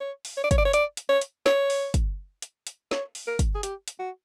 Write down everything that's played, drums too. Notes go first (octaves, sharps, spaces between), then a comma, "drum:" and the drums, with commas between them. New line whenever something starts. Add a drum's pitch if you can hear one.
C#5
drum: open hi-hat
C#5
D5
C#5, drum: kick, hi-hat
D5
C#5
D5, drum: hi-hat
drum: hi-hat
C#5
drum: hi-hat
C#5, drum: snare
drum: open hi-hat
drum: kick, hi-hat
drum: hi-hat
drum: hi-hat
C#5, drum: snare
drum: open hi-hat
A#4
drum: kick, hi-hat
G#4
G4, drum: hi-hat
drum: hi-hat
F#4